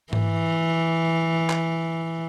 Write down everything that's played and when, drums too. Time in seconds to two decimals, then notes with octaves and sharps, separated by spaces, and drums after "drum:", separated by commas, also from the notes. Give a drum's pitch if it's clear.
0.13 E3, drum: tom G#2
1.50 drum: clap